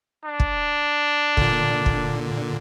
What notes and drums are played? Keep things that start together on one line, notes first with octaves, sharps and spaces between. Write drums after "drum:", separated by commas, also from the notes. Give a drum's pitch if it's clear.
D4
drum: kick
A#2 D3, drum: kick
drum: kick